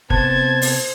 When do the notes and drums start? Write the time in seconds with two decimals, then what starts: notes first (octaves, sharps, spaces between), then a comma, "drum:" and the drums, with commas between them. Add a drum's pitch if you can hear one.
0.10 C3 B3 C5 A5 G#6, drum: kick
0.62 drum: open hi-hat